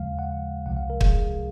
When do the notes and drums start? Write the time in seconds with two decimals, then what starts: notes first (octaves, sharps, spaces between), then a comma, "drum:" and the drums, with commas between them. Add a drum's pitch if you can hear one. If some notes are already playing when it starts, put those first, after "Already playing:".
Already playing: D#2 C#3 F3 G#3 F5
0.19 F#5
0.66 C2 C3 F3 G#3 F#5
0.77 F5
0.90 A#4
1.01 G#4, drum: kick
1.12 G#4